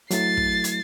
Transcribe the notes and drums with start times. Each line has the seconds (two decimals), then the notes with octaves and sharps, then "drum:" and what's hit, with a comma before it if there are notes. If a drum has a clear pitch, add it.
0.11 F#3 A3 E4 A6 C7, drum: hi-hat
0.37 drum: kick
0.64 drum: hi-hat